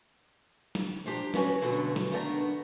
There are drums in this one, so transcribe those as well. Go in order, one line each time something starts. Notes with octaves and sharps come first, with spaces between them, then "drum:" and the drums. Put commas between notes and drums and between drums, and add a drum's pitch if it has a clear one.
drum: snare
F3 D4 G4 A#5
B3 C#4 F#4 B4 C#5, drum: snare
G2 B2 D3 F#3 A3
drum: snare
D#3 A3 B3 D4 D#5 A#5